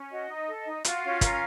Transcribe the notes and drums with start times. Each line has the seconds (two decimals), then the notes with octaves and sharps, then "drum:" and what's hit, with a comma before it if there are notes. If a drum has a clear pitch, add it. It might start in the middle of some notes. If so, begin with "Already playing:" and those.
Already playing: C#4
0.11 F#4 D#5
0.30 D#4
0.48 A4
0.67 D#4
0.85 F4 F#4 F5, drum: hi-hat
1.03 C#4
1.21 A#4, drum: kick, hi-hat